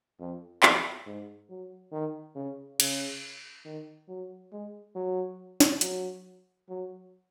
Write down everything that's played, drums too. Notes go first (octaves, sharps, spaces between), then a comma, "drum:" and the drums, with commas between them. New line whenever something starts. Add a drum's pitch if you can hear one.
F2
F2, drum: clap
G#2
F#3
D#3
C#3
C#3, drum: cymbal
D#3
F#3
G#3
F#3
drum: snare
F#3, drum: hi-hat
F#3